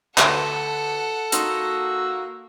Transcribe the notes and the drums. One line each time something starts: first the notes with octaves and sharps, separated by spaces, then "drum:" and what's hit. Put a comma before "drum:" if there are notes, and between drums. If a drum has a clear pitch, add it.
D2 A4 B4 F#5 C6, drum: clap
A#3 D#4 F#4 C6 E6, drum: hi-hat